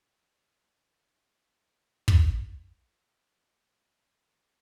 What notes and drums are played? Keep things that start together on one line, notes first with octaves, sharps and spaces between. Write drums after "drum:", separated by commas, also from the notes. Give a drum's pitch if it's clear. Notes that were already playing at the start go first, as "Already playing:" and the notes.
G#5 A5 D6
D#3 A3
drum: kick
B3